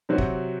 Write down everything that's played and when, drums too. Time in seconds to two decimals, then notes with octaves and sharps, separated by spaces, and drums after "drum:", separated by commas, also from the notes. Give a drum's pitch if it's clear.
0.09 C3 F#3 C4 F#4
0.18 drum: kick